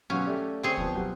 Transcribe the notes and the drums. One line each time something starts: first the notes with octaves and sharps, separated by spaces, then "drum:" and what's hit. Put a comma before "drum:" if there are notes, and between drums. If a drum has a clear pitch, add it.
B1 C#4 F5
A3 G4 D5
C4 G#4 C#5
F3 B3, drum: kick C#2
B1 G3